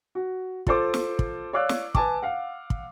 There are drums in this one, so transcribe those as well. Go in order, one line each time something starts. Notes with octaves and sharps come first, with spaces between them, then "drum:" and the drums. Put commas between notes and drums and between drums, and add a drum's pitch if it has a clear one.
F#4
F4 A4 C5 D6, drum: kick
drum: snare
drum: kick
C#5 D5 F5 D6 E6 F#6
drum: snare
B4 G#5 A5 D6, drum: kick
F5 F#5
drum: kick